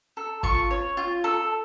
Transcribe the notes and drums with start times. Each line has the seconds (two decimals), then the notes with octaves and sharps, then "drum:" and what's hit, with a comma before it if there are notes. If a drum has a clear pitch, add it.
0.17 A4
0.43 F4 C#6, drum: kick
0.71 C#5
0.97 F4
1.24 A4